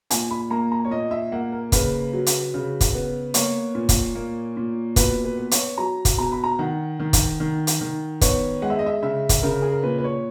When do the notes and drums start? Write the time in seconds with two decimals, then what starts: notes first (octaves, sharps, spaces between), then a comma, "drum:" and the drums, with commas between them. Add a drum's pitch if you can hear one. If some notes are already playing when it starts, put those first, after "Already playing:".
0.10 A#2 G#5, drum: hi-hat
0.31 B5
0.50 A#3 A#5
0.72 A#5
0.85 C#5
0.91 A#2 D#5
1.11 E5
1.32 A#3 F#5
1.52 A#4
1.72 C#3 B4, drum: kick, hi-hat
2.13 F#3
2.26 drum: hi-hat
2.54 C#3
2.81 drum: kick, hi-hat
2.94 B3
3.34 A#3 C#5, drum: hi-hat
3.75 A#2
3.89 drum: kick, hi-hat
4.15 A#3
4.57 A#2
4.96 B2 B4, drum: kick, hi-hat
5.24 B4
5.37 B3
5.51 C#5, drum: hi-hat
5.78 F#3 A#5
6.05 drum: kick, hi-hat
6.18 B2 A#5
6.32 B5
6.44 A#5
6.59 D#3 F#5
6.99 D#3
7.13 drum: kick, hi-hat
7.40 D#3
7.67 drum: hi-hat
7.81 D#3
8.21 B3 C#5, drum: kick, hi-hat
8.62 G#3 F#5
8.70 E5
8.79 D#5
8.86 E5
9.02 C#3 E5
9.29 drum: kick, hi-hat
9.42 C#3 A#4
9.62 G#4
9.72 A#4
9.83 A#2 B4
9.98 B4
10.04 C#5